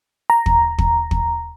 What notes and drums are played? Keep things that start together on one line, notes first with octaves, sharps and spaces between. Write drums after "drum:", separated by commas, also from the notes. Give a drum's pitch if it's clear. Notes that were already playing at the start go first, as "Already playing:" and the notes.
A#5
drum: kick
drum: kick
drum: kick